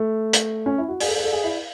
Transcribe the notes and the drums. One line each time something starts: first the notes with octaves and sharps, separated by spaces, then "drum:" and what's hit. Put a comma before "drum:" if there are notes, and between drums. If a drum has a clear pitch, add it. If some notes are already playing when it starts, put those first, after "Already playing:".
Already playing: A3
drum: hi-hat
C#4
E4
F#4
G#4, drum: open hi-hat
A4
G#4
A4
G#4
E4